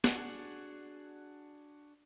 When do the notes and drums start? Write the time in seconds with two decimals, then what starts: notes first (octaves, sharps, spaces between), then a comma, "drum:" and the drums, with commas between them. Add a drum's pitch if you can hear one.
0.04 D4 F#4 G#4 F#5, drum: snare